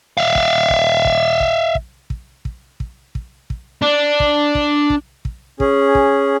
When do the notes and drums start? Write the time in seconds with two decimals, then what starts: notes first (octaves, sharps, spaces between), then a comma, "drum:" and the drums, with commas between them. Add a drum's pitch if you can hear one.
0.17 E5 F5
0.35 drum: kick
0.70 drum: kick
1.05 drum: kick
1.40 drum: kick
1.75 drum: kick
2.10 drum: kick
2.45 drum: kick
2.80 drum: kick
3.15 drum: kick
3.50 drum: kick
3.82 D4
4.20 drum: kick
4.55 drum: kick
4.90 drum: kick
5.25 drum: kick
5.60 C#4 G#4, drum: kick
5.95 drum: kick